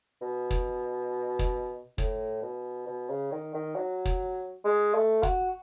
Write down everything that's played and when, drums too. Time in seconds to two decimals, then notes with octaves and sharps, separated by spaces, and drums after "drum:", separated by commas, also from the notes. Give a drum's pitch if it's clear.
0.22 B2
0.51 drum: kick
1.39 drum: kick
1.98 A2, drum: kick
2.42 B2
2.87 B2
3.09 C#3
3.32 D#3
3.54 D#3
3.76 F#3
4.05 drum: kick
4.65 G#3
4.94 A3
5.23 F#4, drum: kick